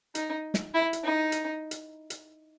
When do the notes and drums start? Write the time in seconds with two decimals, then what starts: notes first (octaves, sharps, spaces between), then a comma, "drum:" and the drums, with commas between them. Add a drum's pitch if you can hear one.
0.15 D#4, drum: hi-hat
0.54 drum: snare
0.74 E4
0.93 drum: hi-hat
1.03 D#4
1.32 drum: hi-hat
1.71 drum: hi-hat
2.10 drum: hi-hat